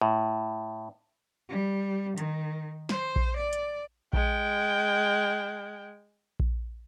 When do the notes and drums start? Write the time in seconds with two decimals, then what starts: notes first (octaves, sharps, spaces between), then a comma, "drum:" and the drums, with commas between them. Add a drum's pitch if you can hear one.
0.01 A2
1.49 G3
2.18 D#3, drum: hi-hat
2.89 C5, drum: snare
3.16 drum: kick A#1
3.36 D5
3.53 drum: hi-hat
4.13 G#3 G5, drum: kick A#1
6.40 drum: kick A#1